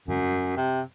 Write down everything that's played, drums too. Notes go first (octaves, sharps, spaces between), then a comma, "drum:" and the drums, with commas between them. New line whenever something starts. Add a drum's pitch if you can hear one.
F#2, drum: tom F#2
C3